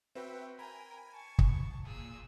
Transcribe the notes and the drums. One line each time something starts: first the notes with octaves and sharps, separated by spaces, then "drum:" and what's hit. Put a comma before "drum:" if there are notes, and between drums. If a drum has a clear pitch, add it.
C4 F#4 B4 E5 G5
A#4 G5 G#5 B5
A5 C#6
drum: kick
A#2 G#4 E6